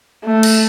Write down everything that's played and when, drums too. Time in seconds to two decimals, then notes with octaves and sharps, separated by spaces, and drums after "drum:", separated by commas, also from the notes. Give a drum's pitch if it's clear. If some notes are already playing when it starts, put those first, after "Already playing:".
0.25 A3
0.43 drum: cymbal